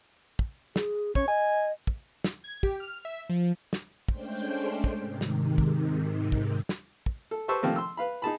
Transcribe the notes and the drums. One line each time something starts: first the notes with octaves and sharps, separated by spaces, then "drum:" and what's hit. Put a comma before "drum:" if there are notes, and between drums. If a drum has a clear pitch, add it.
drum: kick
G#4, drum: snare
C#4 C#5, drum: kick
D#5 G#5
drum: kick
drum: snare
G#6
G4, drum: kick
F6
E5
F3
drum: snare
G#3 A3 C#4 D4 C5 G5, drum: kick
drum: kick
G#2 C3 D#3
drum: snare
drum: kick
drum: kick
drum: snare
drum: kick
A4
G4 B4 C5 A5 C#6 E6
C3 D#3 F3 A3 A#3
C6 E6
B4 F5 B5
D#4 G#4 A5 B5